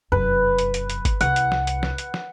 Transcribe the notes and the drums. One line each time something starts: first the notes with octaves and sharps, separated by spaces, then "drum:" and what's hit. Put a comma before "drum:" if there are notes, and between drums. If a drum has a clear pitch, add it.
F1 F#2 B4
drum: hi-hat
drum: hi-hat
drum: hi-hat
drum: kick G1, hi-hat
C2 F#5, drum: hi-hat
drum: hi-hat
drum: snare
drum: hi-hat
drum: snare
drum: hi-hat
drum: snare